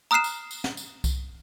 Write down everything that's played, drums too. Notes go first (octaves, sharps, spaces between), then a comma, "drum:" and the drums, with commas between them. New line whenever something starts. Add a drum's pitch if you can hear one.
A#5 D#6 F6 F#6 C7 E7
drum: tambourine
drum: tambourine
drum: snare
drum: tambourine
drum: kick C2, tambourine